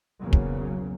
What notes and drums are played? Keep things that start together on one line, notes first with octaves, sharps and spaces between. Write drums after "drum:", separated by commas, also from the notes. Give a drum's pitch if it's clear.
B1 E2 C#3 F#3 A#3
drum: kick